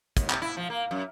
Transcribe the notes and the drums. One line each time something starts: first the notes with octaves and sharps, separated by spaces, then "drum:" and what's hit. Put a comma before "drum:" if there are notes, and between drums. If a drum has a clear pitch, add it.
D#2, drum: kick, hi-hat
C3, drum: clap
E4
F3
A#3
F#2